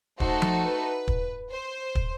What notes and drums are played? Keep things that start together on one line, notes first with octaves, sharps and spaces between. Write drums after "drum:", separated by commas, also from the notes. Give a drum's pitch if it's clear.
A3 D#4 F#4 A4 C5, drum: kick
drum: tom F3
B4
drum: kick
C5
drum: kick